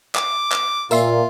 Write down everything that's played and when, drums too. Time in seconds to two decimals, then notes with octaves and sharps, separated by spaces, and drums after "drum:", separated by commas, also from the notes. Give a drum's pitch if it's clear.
0.15 D6, drum: clap
0.52 drum: clap
0.91 A#2 F4 A#4 E5 C6, drum: tambourine